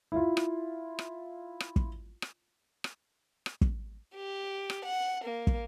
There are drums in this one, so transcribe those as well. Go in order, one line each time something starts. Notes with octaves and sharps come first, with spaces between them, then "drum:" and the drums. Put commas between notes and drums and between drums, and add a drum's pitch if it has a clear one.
E4 F4
drum: rim click
drum: rim click
drum: rim click
drum: kick
drum: rim click
drum: rim click
drum: rim click
drum: kick
G4
drum: rim click
F#5
A#3
drum: kick